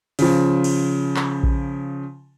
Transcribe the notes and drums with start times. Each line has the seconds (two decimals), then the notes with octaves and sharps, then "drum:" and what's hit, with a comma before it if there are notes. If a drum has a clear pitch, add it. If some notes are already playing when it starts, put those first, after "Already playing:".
0.19 C#3 F3, drum: open hi-hat
0.64 drum: cymbal
1.16 drum: clap
1.43 drum: kick A#1